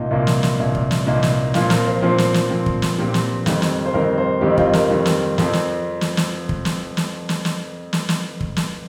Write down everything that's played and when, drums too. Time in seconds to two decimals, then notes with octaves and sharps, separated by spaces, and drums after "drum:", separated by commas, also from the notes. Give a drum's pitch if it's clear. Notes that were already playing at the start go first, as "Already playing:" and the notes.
Already playing: C2 A#2 A#3 D#4 F4
0.11 C2 A#2 A#3 F4
0.27 drum: snare
0.43 drum: snare
0.59 C2 A#2 A#3
0.75 drum: kick
0.91 drum: snare
1.07 C2 A#2 A#3 D#4
1.23 drum: snare
1.54 A#2 F3 C4 F4, drum: snare
1.70 A#4, drum: snare
1.87 C5
2.02 A#2 F3 C4 C5
2.18 drum: snare
2.34 drum: snare
2.50 A#2 F3 C4
2.66 drum: kick
2.82 drum: snare
2.98 A#2 F3 C4 G4
3.14 drum: snare
3.46 F2 D#3 G3 C4, drum: snare
3.62 drum: snare
3.86 C5
3.94 F2 D#3 G3 C4 A#4
4.18 C5
4.41 F2 D#3 G3 C4 G4
4.50 D#4
4.58 F4, drum: kick
4.73 A#4, drum: snare
4.89 F2 D#3 G3 C4
5.06 drum: snare
5.38 F2 F3 C4, drum: snare
5.53 drum: snare
6.01 drum: snare
6.17 drum: snare
6.49 drum: kick
6.65 drum: snare
6.97 drum: snare
7.29 drum: snare
7.45 drum: snare
7.93 drum: snare
8.09 drum: snare
8.41 drum: kick
8.56 drum: snare